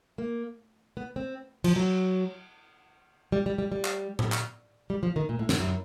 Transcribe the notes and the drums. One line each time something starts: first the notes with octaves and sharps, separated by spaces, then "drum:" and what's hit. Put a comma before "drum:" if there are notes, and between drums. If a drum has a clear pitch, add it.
A#3
B3
C4
F3, drum: cymbal
F#3
G3
G3
G3
G3
drum: clap
drum: tom A2
drum: clap
G3
F3
D#3
A#2
A2
G2, drum: snare
F#2